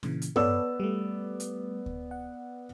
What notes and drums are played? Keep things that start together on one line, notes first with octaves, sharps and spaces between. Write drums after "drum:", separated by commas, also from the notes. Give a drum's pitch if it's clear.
A#2 C#3 E3, drum: snare
drum: hi-hat
B3 A4 B4 C#5 D5 E6, drum: tom G2
G3 A3
drum: hi-hat
drum: kick D2
F#5